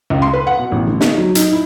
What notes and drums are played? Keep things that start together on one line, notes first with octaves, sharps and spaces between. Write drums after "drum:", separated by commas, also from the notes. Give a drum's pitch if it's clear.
C#2
C6
B4
F#5
B2
A1
D3
D#4, drum: snare
F#3
D#4, drum: hi-hat
E4